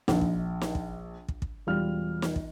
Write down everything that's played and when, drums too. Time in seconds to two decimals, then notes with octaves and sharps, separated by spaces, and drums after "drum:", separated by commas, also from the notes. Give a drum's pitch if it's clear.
0.08 A#1, drum: snare
0.21 drum: kick
0.61 drum: snare
0.75 drum: kick
1.28 drum: kick
1.42 drum: kick
1.67 E1 G3 F4 F6
2.22 drum: snare
2.36 drum: kick